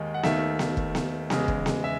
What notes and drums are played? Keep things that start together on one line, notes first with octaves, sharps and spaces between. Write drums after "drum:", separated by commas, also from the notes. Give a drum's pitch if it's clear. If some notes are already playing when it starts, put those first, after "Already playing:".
Already playing: D#2 D#3 G#3
F#5
D#2 D#3 A3 E5, drum: snare B3
drum: snare B3
drum: kick
drum: snare B3
E2 C#3 G#3, drum: snare B3
drum: kick
drum: snare B3
E5